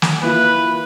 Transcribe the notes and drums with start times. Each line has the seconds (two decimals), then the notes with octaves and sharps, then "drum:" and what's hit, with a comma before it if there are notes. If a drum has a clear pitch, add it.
0.02 drum: snare
0.23 A#3 E4 F4 B4